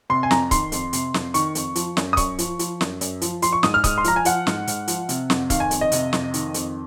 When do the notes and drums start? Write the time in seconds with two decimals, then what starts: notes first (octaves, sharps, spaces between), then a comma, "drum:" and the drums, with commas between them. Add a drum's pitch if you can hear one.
0.10 C3 C6
0.23 G#5
0.31 F2 A#5, drum: snare
0.51 D#3 C6, drum: kick C#1, hi-hat
0.72 F2, drum: hi-hat
0.93 C3, drum: hi-hat
1.14 F2, drum: snare
1.34 D#3 C#6, drum: hi-hat
1.55 F2, drum: hi-hat
1.75 F3, drum: hi-hat
1.97 F#2, drum: snare
2.13 D#6
2.17 F#2 C#6, drum: kick C#1, hi-hat
2.39 F3, drum: hi-hat
2.59 F3, drum: hi-hat
2.81 F#2, drum: snare
3.01 F#2, drum: hi-hat
3.22 F3, drum: hi-hat
3.42 F3 C6, drum: hi-hat
3.53 C#6
3.63 G#2 D#6, drum: snare
3.74 F6
3.84 G#2 D#6, drum: kick C#1, hi-hat
3.98 C6
4.04 F3 A#5, drum: hi-hat
4.16 G#5
4.25 F3 F#5, drum: hi-hat
4.47 G#2, drum: snare
4.67 G#2, drum: hi-hat
4.88 F3, drum: hi-hat
5.09 C3, drum: hi-hat
5.30 F2, drum: snare
5.50 D#3 F5, drum: kick C#1, hi-hat
5.60 G#5
5.71 F2, drum: hi-hat
5.81 D#5
5.92 C3, drum: hi-hat
6.13 F2, drum: snare
6.34 D#3, drum: hi-hat
6.54 F2, drum: hi-hat